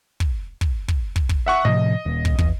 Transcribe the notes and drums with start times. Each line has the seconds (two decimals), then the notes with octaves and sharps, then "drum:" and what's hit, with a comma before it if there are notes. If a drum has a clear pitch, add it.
0.20 drum: kick
0.61 drum: kick
0.88 drum: kick
1.16 drum: kick
1.29 drum: kick
1.46 E5 F#5 C#6
1.65 A2 C3 F3 D#5
2.06 D#1
2.25 drum: kick
2.38 E2, drum: kick